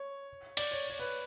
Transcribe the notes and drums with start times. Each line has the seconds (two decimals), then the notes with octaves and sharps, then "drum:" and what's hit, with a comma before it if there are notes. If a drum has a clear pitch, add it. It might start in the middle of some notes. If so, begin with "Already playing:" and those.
Already playing: C#5
0.57 D5, drum: cymbal
0.71 C#5
0.90 C#5
0.99 B4